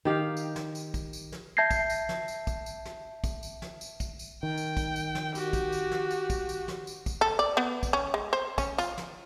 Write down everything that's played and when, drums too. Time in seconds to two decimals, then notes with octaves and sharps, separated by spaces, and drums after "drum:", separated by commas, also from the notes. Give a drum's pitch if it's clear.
0.05 D#3 G4 F5
0.37 drum: tambourine
0.56 drum: snare
0.75 drum: tambourine
0.94 drum: kick, tambourine
1.13 drum: tambourine
1.32 drum: snare
1.57 E5 A5 G6 G#6 A#6 C7
1.71 drum: kick, tambourine
1.90 drum: tambourine
2.09 drum: snare
2.28 drum: tambourine
2.47 drum: kick, tambourine
2.66 drum: tambourine
2.85 drum: snare
3.24 drum: kick, tambourine
3.43 drum: tambourine
3.62 drum: snare
3.81 drum: tambourine
4.00 drum: kick, tambourine
4.19 drum: tambourine
4.43 D#3 G5
4.58 drum: tambourine
4.77 drum: kick, tambourine
4.96 drum: tambourine
5.15 drum: snare
5.35 F#4 G4, drum: tambourine
5.53 drum: kick, tambourine
5.72 drum: tambourine
5.91 drum: snare
6.11 drum: tambourine
6.30 drum: kick, tambourine
6.49 drum: tambourine
6.68 drum: snare
6.87 drum: tambourine
7.06 drum: kick, tambourine
7.21 A4
7.39 D5
7.57 B3
7.83 drum: kick, tambourine
7.93 C#4
8.14 G#3
8.33 C5
8.58 C#4, drum: kick, tambourine
8.78 F4, drum: tambourine
8.98 drum: snare